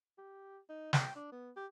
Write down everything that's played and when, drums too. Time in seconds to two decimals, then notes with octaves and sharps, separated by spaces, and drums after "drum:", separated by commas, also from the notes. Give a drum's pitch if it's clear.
0.18 G4
0.69 D#4
0.93 G5, drum: snare
1.16 D4
1.32 B3
1.56 G4